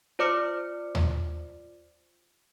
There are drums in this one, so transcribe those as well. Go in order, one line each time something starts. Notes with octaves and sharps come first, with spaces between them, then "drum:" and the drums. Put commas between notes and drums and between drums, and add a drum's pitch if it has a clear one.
F4 C5 D5 D6 F6 C#7
drum: tom D#2